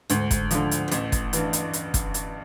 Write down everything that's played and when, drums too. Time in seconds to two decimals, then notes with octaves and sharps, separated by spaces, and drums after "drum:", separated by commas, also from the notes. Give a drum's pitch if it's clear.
0.10 D2 G#2, drum: hi-hat
0.31 drum: kick, hi-hat
0.51 D3 F3, drum: hi-hat
0.71 drum: hi-hat
0.88 A#2
0.91 A1 A2, drum: hi-hat
1.12 drum: kick, hi-hat
1.33 G2 E3, drum: hi-hat
1.53 drum: hi-hat
1.73 drum: hi-hat
1.94 drum: kick, hi-hat
2.14 drum: hi-hat